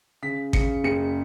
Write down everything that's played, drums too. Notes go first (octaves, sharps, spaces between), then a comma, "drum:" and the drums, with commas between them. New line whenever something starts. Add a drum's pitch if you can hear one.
C#3 B6
C#3 C#7, drum: kick G#1
F#1 C#7